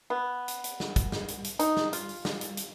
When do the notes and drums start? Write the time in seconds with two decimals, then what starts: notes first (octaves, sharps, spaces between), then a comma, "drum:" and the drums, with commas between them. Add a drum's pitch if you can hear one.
0.10 B3
0.48 drum: hi-hat
0.64 drum: hi-hat
0.80 drum: snare
0.96 drum: kick, hi-hat
1.12 drum: snare
1.28 drum: hi-hat
1.44 drum: hi-hat
1.59 D#4, drum: hi-hat
1.77 drum: snare
1.93 F4, drum: hi-hat
2.09 drum: open hi-hat
2.25 drum: snare
2.41 drum: hi-hat
2.57 drum: hi-hat